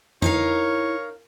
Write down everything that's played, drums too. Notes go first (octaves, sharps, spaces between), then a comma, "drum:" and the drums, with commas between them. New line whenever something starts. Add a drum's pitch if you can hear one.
D#4 E4 A#4 C#5 F5, drum: tom F2